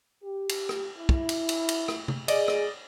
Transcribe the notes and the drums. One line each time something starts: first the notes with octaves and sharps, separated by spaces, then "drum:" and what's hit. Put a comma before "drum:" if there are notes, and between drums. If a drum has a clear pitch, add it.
G4
drum: cymbal
drum: rim click
E4
drum: kick
drum: cymbal
drum: cymbal
drum: cymbal
drum: rim click
drum: tom C3
G#4 D5 D#5, drum: cymbal
drum: rim click